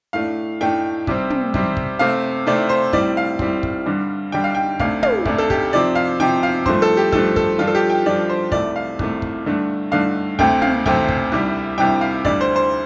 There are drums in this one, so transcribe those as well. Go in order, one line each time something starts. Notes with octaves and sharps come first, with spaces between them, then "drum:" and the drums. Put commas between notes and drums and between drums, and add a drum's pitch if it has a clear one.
A2 A3 D4 F5
A2 A3 D4 G5
C3 G3 C4, drum: kick
drum: tom
C3 G3 C4, drum: kick
drum: kick
C3 A3 C4 F5
C3 A3 C4 D5
C5
A2 G3 C4 D5, drum: kick
F5
A2 G3 C4, drum: kick
drum: kick
G2 D3 G3
G2 D3 G3 G5
F5
G5
D2 C3 A3 D4 F5, drum: kick
F5, drum: tom
D2 C3 A3 D4, drum: kick
A4
G4, drum: kick
C3 F3 C4 D5
F5
C3 F3 C4 G5
F5
G2 F3 A3 C5, drum: kick
A4
G4
G2 F3 A3 A4, drum: kick
A4, drum: kick
G2 F3 D4 F4
A4
G4
G5
G2 F3 D4 D5
C5
C2 C3 A3 D5, drum: kick
F5
C2 C3 A3, drum: kick
drum: kick
G2 D3 A3 D4
G2 D3 A3 D4 F5
D2 C3 A3 C4 G5, drum: kick
F5, drum: tom
D2 C3 A3 C4 G5, drum: kick
drum: kick
C2 C3 G3 D4
C2 C3 G3 D4 G5
F5
D2 D3 G3 D4 D5, drum: kick
C5
C5